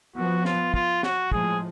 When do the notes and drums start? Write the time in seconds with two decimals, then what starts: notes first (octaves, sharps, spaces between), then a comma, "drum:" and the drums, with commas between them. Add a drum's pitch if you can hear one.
0.15 F3 B3 F#4
0.45 F4, drum: snare
0.74 F4, drum: kick
1.03 F#4, drum: snare
1.32 A2 F3 G#3 G#4, drum: kick